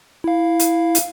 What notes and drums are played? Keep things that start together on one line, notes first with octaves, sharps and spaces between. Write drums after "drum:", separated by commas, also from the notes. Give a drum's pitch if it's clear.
E4 F5
drum: hi-hat
drum: hi-hat